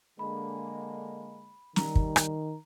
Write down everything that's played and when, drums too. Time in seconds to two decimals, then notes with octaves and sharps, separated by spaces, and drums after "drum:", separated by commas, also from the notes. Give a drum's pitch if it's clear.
0.19 D3 G#3 A#3 B5
1.76 D#3 G3 A#5, drum: snare
1.95 drum: kick
2.16 drum: rim click